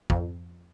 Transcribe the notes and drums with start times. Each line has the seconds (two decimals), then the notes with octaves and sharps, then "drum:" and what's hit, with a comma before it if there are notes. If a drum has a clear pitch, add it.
0.10 F2, drum: kick